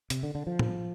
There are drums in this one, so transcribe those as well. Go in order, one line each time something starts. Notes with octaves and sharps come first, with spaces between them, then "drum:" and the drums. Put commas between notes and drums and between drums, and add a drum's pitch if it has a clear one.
C3, drum: hi-hat
D3
D3
F3
drum: tom